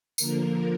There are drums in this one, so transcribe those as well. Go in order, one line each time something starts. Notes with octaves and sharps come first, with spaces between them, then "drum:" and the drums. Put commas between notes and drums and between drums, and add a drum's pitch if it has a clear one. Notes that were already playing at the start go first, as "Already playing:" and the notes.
D3 F3 A#3 A#4, drum: tambourine